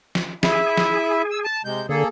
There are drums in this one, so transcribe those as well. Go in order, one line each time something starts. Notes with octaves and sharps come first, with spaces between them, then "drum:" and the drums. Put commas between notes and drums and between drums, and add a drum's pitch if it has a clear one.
drum: snare
E4 G#4 E5, drum: snare
drum: snare
E6
A5
C3 G#3 G6
D3 A#3 G#4 A4